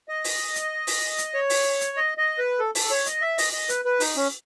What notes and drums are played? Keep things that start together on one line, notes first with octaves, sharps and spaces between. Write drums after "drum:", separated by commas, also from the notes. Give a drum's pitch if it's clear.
D#5
drum: open hi-hat
drum: hi-hat
drum: open hi-hat
drum: hi-hat
C#5
drum: open hi-hat
drum: hi-hat
D#5
D#5
B4
A4
A4, drum: open hi-hat
C#5
D#5, drum: hi-hat
E5
D#5, drum: open hi-hat
D#5
B4, drum: hi-hat
B4
D#4, drum: open hi-hat
C#4